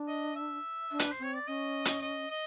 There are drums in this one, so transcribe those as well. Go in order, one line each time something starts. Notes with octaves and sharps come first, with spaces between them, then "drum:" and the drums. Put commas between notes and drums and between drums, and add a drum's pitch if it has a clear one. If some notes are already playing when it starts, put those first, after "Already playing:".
Already playing: D4
D#5
E5
D4
B4, drum: hi-hat
C5
C4 C#5
D5
C#4 D#5
drum: hi-hat
D#5
D#5